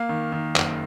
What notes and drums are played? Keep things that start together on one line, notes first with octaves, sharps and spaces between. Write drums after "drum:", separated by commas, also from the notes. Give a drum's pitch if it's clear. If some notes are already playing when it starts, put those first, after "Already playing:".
Already playing: A#3 F5
D#3
D#3
F#1, drum: clap